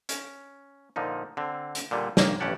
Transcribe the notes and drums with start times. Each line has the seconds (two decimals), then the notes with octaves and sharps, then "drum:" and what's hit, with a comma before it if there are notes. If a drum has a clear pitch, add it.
0.09 C#4, drum: hi-hat
0.96 A#2 D3 F3 D#4
1.37 D3 C4
1.75 drum: hi-hat
1.91 A#2 D3 G3 G#5
2.17 B1 A#3 D#5 G5, drum: snare
2.40 A1 G2 C#4 G4 F#5 A5